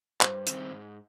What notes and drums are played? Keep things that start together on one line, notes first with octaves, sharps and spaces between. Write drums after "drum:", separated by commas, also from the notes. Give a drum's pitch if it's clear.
G2 C5, drum: clap
D#3 G3 C4, drum: hi-hat
G#2